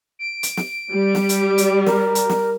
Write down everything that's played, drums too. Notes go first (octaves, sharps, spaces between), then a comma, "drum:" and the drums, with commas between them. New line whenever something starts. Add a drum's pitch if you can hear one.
D7
drum: hi-hat
drum: snare
G3
drum: snare
drum: hi-hat
drum: hi-hat
A#4, drum: snare
drum: hi-hat
drum: snare